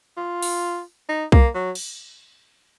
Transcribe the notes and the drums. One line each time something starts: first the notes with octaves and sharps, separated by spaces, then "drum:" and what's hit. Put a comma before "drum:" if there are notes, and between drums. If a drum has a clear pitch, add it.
F4
drum: open hi-hat
D#4
A#3, drum: kick C2
F#3
drum: cymbal